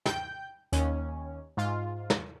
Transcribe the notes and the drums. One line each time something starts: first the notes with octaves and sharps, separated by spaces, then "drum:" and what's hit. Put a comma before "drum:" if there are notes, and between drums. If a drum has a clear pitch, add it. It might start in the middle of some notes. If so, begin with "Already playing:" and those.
G5 G6, drum: snare
D#2 C#4, drum: hi-hat
G#2 F4
drum: snare